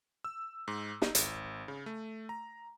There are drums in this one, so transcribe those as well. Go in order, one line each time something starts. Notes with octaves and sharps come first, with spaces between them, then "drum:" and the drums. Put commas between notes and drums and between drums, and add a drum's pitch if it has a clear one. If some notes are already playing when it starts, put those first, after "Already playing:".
E6
G#2
D#4, drum: snare
G#1, drum: hi-hat
C#3
A3
A#5